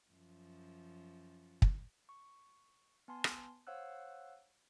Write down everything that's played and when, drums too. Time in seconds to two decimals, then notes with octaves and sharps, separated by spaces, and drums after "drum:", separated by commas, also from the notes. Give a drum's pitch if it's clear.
0.11 F#2 F3
1.62 drum: kick
2.09 C#6
3.08 B3 G#5 A5 C6
3.24 drum: rim click
3.67 C5 C#5 F5 F#5 E6 F#6